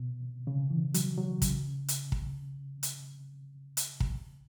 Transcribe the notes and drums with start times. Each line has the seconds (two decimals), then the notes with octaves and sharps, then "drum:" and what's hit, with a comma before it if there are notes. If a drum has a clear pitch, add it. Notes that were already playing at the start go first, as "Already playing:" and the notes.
Already playing: B2
0.47 C#3
0.70 E3
0.94 F#3, drum: hi-hat
1.18 F#3
1.42 C#3, drum: kick, hi-hat
1.88 drum: hi-hat
2.12 drum: kick
2.83 drum: hi-hat
3.77 drum: hi-hat
4.00 drum: kick